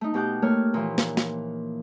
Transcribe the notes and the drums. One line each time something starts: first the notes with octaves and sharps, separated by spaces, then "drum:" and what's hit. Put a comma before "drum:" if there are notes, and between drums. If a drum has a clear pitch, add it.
A3 D#4
B2 A3 G4 G5 F#6 G6
A3 A#3 C#5 F6
A#2 E3 F3
drum: snare
drum: snare